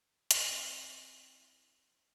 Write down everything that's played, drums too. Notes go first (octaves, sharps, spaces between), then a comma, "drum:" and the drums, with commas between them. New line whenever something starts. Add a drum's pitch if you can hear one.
C4 E4, drum: hi-hat